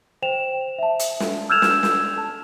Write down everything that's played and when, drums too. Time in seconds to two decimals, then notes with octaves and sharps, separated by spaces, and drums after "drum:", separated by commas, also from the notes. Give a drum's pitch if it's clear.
0.22 C5 G5 E7 F7
0.79 E5 A5
0.99 drum: hi-hat
1.20 drum: snare
1.50 E6 F6 G6 G#6 E7 F7
1.62 drum: snare
1.83 drum: snare
2.18 A5